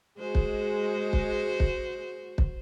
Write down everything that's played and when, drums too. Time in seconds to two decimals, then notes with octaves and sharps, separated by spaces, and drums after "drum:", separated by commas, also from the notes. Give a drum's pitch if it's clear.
0.19 G#3 F#4 C5
0.35 drum: kick
1.13 drum: kick
1.60 drum: kick
2.38 drum: kick